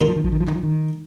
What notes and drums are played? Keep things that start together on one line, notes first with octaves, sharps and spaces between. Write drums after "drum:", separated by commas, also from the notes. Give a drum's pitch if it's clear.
A#2 D#3 A#3 F4
F3
D#3
F3, drum: kick A1
D#3
F3
D#3, drum: clap
F3
D#3